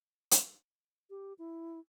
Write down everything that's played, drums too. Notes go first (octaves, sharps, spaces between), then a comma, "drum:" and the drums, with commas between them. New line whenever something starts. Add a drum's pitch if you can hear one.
drum: hi-hat
G4
E4